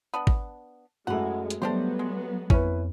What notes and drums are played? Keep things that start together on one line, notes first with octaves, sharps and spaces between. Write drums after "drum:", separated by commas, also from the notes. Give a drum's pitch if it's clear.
B3 D4
drum: kick G#1
F#2 E3 G#3 A3 F#5
drum: hi-hat
F#3 G3 A3 B3 D4 G4 C5
G#3
F2 C#4 E4 B4, drum: kick G#1